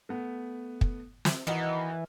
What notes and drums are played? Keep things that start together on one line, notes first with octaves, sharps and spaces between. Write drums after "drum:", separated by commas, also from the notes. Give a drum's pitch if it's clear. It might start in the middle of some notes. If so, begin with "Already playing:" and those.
A3 B3
drum: kick
drum: snare
D#3 E3 B3 D#4 F#4 A#4 D#5